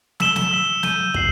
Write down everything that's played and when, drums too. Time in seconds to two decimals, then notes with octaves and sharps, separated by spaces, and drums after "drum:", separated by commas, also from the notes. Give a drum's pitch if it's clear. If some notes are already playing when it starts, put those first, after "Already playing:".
0.20 E6 B6 E7 G7, drum: snare
0.36 drum: snare
0.52 E6 B6 E7 G7
0.83 G6 D#7 G7, drum: snare
1.14 C7 F#7, drum: kick